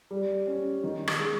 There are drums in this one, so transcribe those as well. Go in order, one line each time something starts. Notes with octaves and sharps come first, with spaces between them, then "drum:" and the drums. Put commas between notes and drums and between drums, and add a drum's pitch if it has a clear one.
G3
C#4
D#3
drum: rim click
G#3